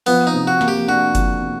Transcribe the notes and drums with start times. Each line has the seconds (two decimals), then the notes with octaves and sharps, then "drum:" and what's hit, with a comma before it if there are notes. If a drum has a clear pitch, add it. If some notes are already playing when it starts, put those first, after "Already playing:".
0.06 F3 B3, drum: open hi-hat
0.27 D#4
0.33 C3
0.47 F#4
0.61 A#3, drum: snare
0.68 G4
0.88 D4 F#4
1.15 F3, drum: kick F#1, hi-hat
1.42 C3